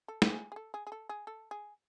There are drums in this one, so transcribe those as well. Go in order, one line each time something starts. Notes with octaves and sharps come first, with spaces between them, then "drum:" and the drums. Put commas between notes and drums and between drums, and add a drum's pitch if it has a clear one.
A4
G4, drum: snare
G#4
G#4
A4
G#4
G#4
A4
G#4
A4
G#4